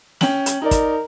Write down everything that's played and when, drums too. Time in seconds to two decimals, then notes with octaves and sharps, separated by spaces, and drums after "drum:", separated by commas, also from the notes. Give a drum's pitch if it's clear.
0.21 C#4 G5 F#7, drum: snare
0.46 drum: hi-hat
0.62 D#4 A#4 D5
0.71 drum: kick, hi-hat